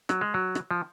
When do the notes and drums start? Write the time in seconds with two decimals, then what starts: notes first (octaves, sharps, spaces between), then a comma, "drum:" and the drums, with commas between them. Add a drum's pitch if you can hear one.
0.09 F#3, drum: rim click
0.21 G#3
0.34 F#3
0.55 drum: rim click
0.71 F3